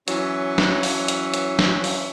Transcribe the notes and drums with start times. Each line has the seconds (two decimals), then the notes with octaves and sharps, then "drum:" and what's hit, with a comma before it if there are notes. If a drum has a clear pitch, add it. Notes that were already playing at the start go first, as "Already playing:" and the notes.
0.08 E3 F#3 C#4, drum: hi-hat
0.58 drum: snare
0.83 drum: open hi-hat
1.08 drum: hi-hat
1.34 drum: hi-hat
1.59 drum: snare
1.84 drum: open hi-hat